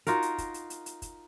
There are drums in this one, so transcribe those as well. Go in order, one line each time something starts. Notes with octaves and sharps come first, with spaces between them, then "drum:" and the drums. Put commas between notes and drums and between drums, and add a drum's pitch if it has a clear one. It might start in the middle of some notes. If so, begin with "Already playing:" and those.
D#4 F4 F#4 A#4, drum: hi-hat
drum: hi-hat
drum: kick, hi-hat
drum: hi-hat
drum: hi-hat
drum: hi-hat
drum: kick, hi-hat